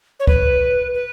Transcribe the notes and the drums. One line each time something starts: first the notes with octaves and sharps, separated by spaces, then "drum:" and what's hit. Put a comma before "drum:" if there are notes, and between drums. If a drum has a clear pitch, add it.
C#5
B4, drum: kick C#2
B4